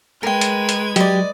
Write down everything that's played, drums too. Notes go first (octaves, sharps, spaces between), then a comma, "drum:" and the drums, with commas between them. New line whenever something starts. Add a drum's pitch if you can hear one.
G#3 A#4 B4 G5 G#6
drum: hi-hat
drum: hi-hat
F#3 G4 D5 D#5, drum: hi-hat